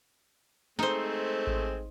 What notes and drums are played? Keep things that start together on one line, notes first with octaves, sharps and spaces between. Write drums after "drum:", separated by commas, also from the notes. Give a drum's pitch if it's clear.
G#3 A3 C4 D#4 C5, drum: snare
drum: kick A1